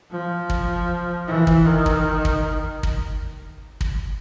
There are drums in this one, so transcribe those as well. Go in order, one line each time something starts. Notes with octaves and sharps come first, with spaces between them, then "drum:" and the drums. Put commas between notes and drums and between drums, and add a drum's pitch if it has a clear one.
F3
drum: kick
E3
drum: kick
D#3
drum: kick
drum: kick
drum: kick
drum: kick